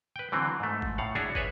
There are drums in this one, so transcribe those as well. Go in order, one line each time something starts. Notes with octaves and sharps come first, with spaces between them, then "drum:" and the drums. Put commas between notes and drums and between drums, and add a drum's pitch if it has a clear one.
B4 G5
D3 E3 F#3 C4
G#2 A3
drum: kick
A2 F5 F#5
D4 E4 F#4 G#4 C#5
G#4 B4 C#5 E5, drum: kick